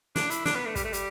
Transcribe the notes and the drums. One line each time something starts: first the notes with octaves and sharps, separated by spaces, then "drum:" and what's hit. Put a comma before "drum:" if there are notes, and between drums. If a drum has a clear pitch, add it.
D4, drum: snare
E4, drum: hi-hat
D4, drum: snare
B3
A3
G3, drum: kick, hi-hat
A3
G3, drum: hi-hat